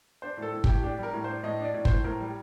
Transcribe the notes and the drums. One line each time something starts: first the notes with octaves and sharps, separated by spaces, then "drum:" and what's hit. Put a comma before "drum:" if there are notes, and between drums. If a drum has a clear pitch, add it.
D4 C5
A2
A4
A2
G4, drum: kick
A2
D4 G4
G3 A#4
A2
D4 C5
A2 D#5
D4
D5
A2
A2 C5, drum: kick
A2 A#4
G3